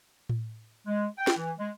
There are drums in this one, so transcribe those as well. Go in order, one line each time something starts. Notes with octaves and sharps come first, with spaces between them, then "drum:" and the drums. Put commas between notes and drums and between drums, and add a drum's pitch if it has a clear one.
drum: tom A2
G#3
G5
drum: snare
E3
G#3